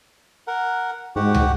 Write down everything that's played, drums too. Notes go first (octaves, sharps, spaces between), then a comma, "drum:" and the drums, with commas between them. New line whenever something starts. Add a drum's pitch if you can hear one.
A#4 F#5
G#2 F#4 G4 F#5
drum: tom